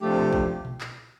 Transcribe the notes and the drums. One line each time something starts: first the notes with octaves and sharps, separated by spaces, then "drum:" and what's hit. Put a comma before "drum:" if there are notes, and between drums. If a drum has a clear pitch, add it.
C3 F3 A3 D4 G4
drum: tom A#2
drum: kick
drum: tom A#2
drum: clap